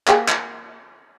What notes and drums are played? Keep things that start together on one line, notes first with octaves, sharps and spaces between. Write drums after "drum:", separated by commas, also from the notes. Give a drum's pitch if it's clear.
A#3 G4 G#4, drum: clap
drum: clap